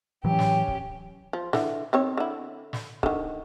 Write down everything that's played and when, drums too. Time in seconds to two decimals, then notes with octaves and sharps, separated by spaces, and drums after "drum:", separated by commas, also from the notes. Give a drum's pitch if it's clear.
0.24 A2 E3 F#3 C#4 G4
0.39 drum: snare
0.68 drum: kick C#1
1.33 F3
1.53 D3 E3, drum: snare
1.93 D#3 C4 C#5
2.17 D3 E4
2.73 drum: snare
3.03 D3 D#3, drum: kick C#1